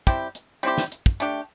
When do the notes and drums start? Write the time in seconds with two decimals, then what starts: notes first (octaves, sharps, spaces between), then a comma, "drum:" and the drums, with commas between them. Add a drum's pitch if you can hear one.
0.07 G3 C4 E4 G4, drum: kick, hi-hat
0.35 drum: hi-hat
0.63 G3 C4 E4 G4, drum: hi-hat
0.78 drum: snare
0.92 drum: hi-hat
1.06 drum: kick
1.20 A3 D4 G4, drum: hi-hat